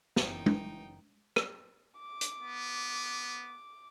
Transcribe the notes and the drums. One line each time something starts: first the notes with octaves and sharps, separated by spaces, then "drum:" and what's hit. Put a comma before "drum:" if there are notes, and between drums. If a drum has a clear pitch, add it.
F#1 F#2 E3 D#4 G5, drum: snare
drum: tom
drum: rim click
D6
drum: hi-hat
B3